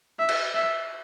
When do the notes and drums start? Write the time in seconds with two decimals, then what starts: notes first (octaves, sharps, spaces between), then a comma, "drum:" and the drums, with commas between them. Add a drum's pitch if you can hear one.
0.19 E5
0.29 drum: cymbal
0.55 E5